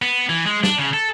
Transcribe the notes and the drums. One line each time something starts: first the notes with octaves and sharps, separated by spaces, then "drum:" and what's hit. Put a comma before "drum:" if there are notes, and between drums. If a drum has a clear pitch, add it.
B3
E3
G#3
D4, drum: snare
C#3
A4